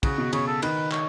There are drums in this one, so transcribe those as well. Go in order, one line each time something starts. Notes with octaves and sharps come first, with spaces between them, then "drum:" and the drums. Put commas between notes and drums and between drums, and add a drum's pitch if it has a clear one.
C#3 F#4, drum: kick, cymbal
B2
C#3 C#5, drum: cymbal
A4
D#3 B4, drum: cymbal
C#5, drum: clap